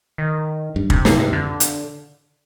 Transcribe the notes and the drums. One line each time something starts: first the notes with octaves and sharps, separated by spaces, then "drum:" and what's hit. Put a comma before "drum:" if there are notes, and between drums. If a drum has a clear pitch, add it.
D#3
G2
C3, drum: kick
A2, drum: snare
G2
F2 D3
drum: hi-hat